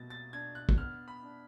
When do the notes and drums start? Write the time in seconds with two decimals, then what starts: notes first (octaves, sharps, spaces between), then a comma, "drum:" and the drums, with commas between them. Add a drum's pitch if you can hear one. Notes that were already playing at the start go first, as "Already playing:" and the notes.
Already playing: B2 G3 A#3 A6
0.10 A6
0.33 D4 G#6
0.55 F#6
0.69 drum: kick
0.78 B3 F6
1.08 B5
1.23 D4